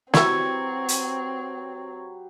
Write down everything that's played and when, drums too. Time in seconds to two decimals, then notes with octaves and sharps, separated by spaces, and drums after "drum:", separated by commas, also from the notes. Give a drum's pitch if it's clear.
0.14 F#3 C4 E4 G4 B4 E5 C#6 G#6, drum: snare
0.88 drum: hi-hat